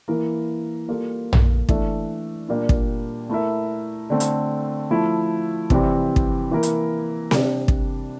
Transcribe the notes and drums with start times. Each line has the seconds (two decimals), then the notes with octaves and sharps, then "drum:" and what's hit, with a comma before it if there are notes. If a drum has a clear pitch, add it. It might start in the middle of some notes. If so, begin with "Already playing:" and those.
0.08 E3 A#3 E4 A#4
0.88 G3 A#3 F4 A4
1.33 drum: tom A#1
1.69 E3 A3 D4 A4 E5, drum: kick
2.49 A#2 G3 A#3 D4 G4
2.69 drum: kick
3.29 A3 E4 A#4 E5
4.10 D3 A3 C4
4.20 drum: hi-hat
4.90 F3 A3 E4
5.70 C3 E3 G3 C4, drum: kick
6.16 drum: kick
6.51 E3 A#3 E4 A#4
6.63 drum: hi-hat
7.31 C3 G3 D4, drum: snare C4
7.68 drum: kick